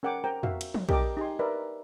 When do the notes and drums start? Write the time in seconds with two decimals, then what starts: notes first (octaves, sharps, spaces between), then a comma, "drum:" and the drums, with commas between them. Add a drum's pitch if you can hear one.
0.03 C#4 A#4 F#5 G5 D6
0.24 A#4 C5 G5 A#5
0.43 F#4 E5 F5, drum: tom
0.61 drum: cymbal
0.74 drum: tom
0.89 G4 A#4 D#5 A5 D6, drum: kick
1.17 D#4 G4 G#5 C6
1.39 A#4 B4 D5 E5